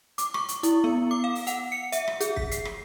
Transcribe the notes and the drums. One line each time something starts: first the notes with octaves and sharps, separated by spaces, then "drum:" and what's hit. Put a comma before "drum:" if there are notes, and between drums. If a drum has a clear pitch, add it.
D6, drum: hi-hat
C#6, drum: rim click
drum: hi-hat
E4, drum: hi-hat
B3
D6
F5
drum: open hi-hat
F#5, drum: hi-hat
C#7
E5, drum: hi-hat
drum: rim click
G#4, drum: hi-hat
B6, drum: kick
C7, drum: hi-hat
drum: rim click